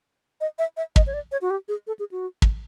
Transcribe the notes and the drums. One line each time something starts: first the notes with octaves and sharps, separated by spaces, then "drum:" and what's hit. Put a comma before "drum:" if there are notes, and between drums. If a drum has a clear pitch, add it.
D#5
E5
E5
D#5, drum: kick
C#5
D5
C#5
F#4
G4
G#4
A4
G#4
F#4
drum: kick